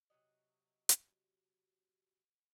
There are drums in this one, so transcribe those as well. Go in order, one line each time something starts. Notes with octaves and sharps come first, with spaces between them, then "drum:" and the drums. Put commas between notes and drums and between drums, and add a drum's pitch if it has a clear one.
C3 F3 F#3 D#5
drum: hi-hat